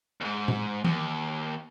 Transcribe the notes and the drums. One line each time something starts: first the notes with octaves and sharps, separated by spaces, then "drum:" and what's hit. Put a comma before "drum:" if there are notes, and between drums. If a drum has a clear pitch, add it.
D#2 G#2
drum: tom A2
D#2, drum: tom E3